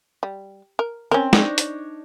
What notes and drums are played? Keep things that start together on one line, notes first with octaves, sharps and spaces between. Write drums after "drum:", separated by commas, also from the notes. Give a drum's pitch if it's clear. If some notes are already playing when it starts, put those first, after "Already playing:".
G3
A#4
C4 C#4 A#4
D4 D#4 C#5, drum: snare
drum: hi-hat